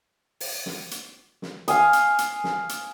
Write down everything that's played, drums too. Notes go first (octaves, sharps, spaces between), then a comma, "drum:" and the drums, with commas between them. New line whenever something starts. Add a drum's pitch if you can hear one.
drum: open hi-hat
drum: snare
drum: hi-hat
drum: snare
F5 G#5 D#6, drum: hi-hat
drum: hi-hat
drum: hi-hat
drum: snare
drum: hi-hat